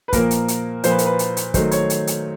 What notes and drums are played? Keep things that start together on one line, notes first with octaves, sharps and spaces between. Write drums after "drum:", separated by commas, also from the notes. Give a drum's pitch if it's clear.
B4
A#2 F3 A#3 A#4, drum: kick, hi-hat
drum: hi-hat
drum: hi-hat
A#2 F3 A#3 C5, drum: hi-hat
B4
A#4, drum: hi-hat
B4
drum: hi-hat
drum: hi-hat
D#3 F#3 A3 C5, drum: kick, hi-hat
C#5, drum: hi-hat
drum: hi-hat
drum: hi-hat